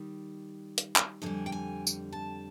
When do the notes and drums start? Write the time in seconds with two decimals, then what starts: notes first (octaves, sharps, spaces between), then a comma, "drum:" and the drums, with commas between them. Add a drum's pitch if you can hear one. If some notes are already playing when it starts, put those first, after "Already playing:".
Already playing: D#3 G3
0.78 drum: hi-hat
0.96 drum: clap
1.22 F2 D3 G3 G#5
1.46 G5
1.52 G#5
1.87 drum: tambourine
2.13 A5